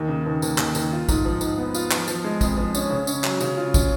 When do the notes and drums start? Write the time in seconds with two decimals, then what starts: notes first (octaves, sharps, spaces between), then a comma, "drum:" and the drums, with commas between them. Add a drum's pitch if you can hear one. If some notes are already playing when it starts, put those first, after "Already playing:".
Already playing: D#2
0.08 C#3
0.26 D#2
0.42 D#2, drum: tambourine
0.58 D#2, drum: clap
0.75 D#2, drum: tambourine
0.92 F4
1.09 G#2, drum: kick, tambourine
1.25 F3
1.41 G#2, drum: tambourine
1.58 B3
1.75 F4, drum: tambourine
1.91 F3, drum: clap
2.08 F3, drum: tambourine
2.24 G#3
2.41 F2, drum: kick, tambourine
2.57 F3
2.75 C#4, drum: tambourine
2.90 C#3
3.07 C#4, drum: tambourine
3.24 F#3, drum: clap
3.40 C#3, drum: tambourine
3.57 F4
3.74 C#4, drum: kick, tambourine